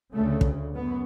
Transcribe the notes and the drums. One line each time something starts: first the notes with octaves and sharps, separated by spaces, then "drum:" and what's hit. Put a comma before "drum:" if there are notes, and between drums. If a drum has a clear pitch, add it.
D2 C#3 A3
drum: kick
F#2 B3